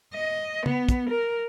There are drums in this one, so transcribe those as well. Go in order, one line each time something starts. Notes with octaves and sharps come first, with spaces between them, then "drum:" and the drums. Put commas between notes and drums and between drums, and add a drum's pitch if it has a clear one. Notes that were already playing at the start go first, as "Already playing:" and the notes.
D#5
B3, drum: tom
drum: kick, hi-hat
A#4